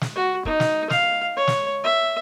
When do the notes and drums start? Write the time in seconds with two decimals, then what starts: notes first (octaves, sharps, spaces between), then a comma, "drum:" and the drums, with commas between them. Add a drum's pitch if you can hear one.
0.01 drum: snare
0.16 F#4
0.45 D#4, drum: kick
0.60 drum: snare
0.90 F5, drum: snare
1.37 C#5
1.48 drum: snare
1.84 E5